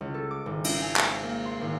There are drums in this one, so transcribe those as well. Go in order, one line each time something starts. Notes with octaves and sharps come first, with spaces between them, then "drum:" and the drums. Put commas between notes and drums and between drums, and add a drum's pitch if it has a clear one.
C#2
A4
D6
G#1
G#3, drum: cymbal
G#5
D7, drum: clap
C4
A#3
C6
G#1